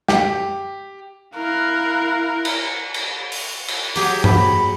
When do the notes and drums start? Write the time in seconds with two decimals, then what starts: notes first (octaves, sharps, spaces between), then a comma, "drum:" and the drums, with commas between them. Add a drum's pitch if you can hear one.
0.08 G4, drum: snare
1.36 E4 A#4 F5 F#6
2.45 drum: cymbal
2.94 drum: cymbal
3.32 drum: open hi-hat
3.68 drum: cymbal
3.96 F#3 G4 G#4 D6, drum: open hi-hat
4.24 B5, drum: tom G2